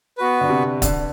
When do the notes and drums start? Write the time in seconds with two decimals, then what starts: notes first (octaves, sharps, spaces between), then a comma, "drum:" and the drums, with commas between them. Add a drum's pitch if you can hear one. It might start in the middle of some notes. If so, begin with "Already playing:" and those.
0.18 B3 F#4 B4
0.41 D3
0.50 C3
0.82 D3, drum: kick, hi-hat